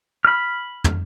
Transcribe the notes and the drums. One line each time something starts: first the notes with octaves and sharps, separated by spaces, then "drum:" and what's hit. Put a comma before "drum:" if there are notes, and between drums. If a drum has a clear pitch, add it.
B5 F6
drum: tom